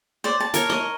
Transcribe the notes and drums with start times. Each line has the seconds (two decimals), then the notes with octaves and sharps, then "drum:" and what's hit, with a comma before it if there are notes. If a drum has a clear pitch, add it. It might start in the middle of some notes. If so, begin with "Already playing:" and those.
0.24 C5 D5
0.40 A5
0.54 A#4 C#5, drum: hi-hat
0.70 D#5, drum: snare D#4